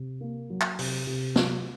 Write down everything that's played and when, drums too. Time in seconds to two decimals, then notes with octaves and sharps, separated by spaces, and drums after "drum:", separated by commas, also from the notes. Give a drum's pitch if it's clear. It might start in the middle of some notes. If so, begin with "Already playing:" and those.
Already playing: C3
0.21 A#3
0.50 F#3
0.61 drum: clap
0.79 C3, drum: open hi-hat
1.07 C3
1.36 F#3, drum: snare